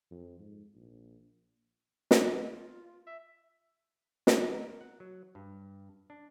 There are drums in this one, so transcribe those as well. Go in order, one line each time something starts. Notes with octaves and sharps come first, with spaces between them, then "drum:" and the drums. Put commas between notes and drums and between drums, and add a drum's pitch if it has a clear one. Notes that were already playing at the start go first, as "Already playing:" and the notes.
F2
G#2
A#1
drum: snare
F4
E5
drum: snare
A#4
F#5
F#3
G2
D4